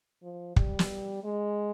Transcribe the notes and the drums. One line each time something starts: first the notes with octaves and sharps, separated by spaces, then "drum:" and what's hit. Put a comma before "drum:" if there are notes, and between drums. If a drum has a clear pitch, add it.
F3
G3, drum: kick
drum: snare
G#3